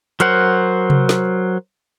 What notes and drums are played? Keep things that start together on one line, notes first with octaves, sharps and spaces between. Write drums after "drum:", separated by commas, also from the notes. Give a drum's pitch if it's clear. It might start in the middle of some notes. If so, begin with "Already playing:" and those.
F#3 A#4 C5 F#5, drum: hi-hat
drum: tom C3
drum: snare